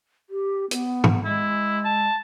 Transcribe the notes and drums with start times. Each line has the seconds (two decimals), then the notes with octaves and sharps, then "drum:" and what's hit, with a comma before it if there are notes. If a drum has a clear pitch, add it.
0.30 G4
0.71 B3, drum: hi-hat
1.04 drum: tom
1.25 G#3 E4
1.85 A5